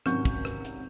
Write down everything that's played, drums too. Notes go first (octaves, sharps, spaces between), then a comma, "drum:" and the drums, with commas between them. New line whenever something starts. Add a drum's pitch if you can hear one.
G#1 C3 F#3 C#4 C#6 G6, drum: rim click
drum: kick, hi-hat
drum: rim click
drum: hi-hat